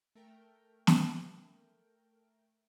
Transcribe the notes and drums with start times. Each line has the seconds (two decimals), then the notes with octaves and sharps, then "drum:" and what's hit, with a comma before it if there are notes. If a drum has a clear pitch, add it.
0.15 A3 A#4 G5
0.87 drum: snare